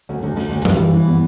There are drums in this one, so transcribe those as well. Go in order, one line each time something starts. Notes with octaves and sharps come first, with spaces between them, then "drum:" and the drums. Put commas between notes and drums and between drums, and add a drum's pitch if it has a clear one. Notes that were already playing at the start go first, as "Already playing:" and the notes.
D2
D2
D2
D2
G2, drum: tom E3
E3
E3
B3